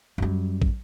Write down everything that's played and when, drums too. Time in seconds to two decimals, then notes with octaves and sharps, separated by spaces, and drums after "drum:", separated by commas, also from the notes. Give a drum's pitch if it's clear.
0.18 F#2 G3
0.62 drum: kick